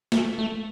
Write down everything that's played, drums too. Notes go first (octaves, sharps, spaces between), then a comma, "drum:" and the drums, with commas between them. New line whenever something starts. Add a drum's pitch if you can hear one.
A3, drum: snare
A3